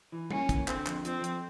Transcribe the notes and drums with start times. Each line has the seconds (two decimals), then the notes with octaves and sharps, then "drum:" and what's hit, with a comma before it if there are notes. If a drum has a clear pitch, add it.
0.12 E3
0.31 A#3 C#4, drum: tom
0.49 E3, drum: kick, hi-hat
0.68 D3 C4, drum: clap
0.86 F2, drum: clap
1.05 F3 C4, drum: hi-hat
1.24 F2, drum: hi-hat